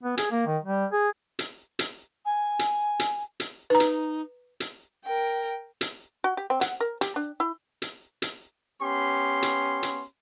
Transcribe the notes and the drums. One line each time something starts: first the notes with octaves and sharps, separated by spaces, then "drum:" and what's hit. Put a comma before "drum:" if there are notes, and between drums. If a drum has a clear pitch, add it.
B3
G#4, drum: hi-hat
A#3
D#3
G3
G#4
drum: hi-hat
drum: hi-hat
G#5
drum: hi-hat
drum: hi-hat
drum: hi-hat
D#4 B4 A#5
drum: hi-hat
drum: hi-hat
A#4 G5
drum: hi-hat
F#4
G4
C4
F#5, drum: hi-hat
A#4
G4, drum: hi-hat
D4
E4
drum: hi-hat
drum: hi-hat
B3 C#4 G4 C6
drum: hi-hat
drum: hi-hat